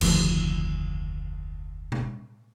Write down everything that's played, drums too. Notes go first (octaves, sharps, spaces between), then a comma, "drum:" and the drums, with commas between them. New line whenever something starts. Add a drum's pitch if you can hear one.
F1 D2 D#3 F3, drum: cymbal
drum: tom B2